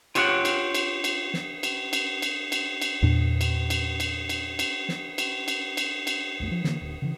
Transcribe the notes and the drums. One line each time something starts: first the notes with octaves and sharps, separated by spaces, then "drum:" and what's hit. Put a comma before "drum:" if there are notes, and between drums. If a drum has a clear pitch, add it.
F4 G4 C#5 D#5 F#5 G5, drum: cymbal
drum: cymbal
drum: cymbal
drum: cymbal
drum: snare
drum: cymbal
drum: cymbal
drum: cymbal
drum: cymbal
drum: cymbal
E2 A#2 D4
drum: cymbal
drum: cymbal
drum: cymbal
drum: cymbal
drum: cymbal
drum: snare
drum: cymbal
drum: cymbal
drum: cymbal
drum: cymbal
B1 F2 A3
F3
D3 E3 G#3 A#3, drum: snare
D1
C#3 E3